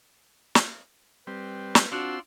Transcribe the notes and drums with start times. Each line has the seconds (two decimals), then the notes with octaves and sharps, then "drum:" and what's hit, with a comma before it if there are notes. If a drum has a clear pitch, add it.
0.55 drum: snare
1.27 G3 C4 B4
1.75 drum: snare
1.92 C4 D4 F4 F#4 D5 F#5 C6 E6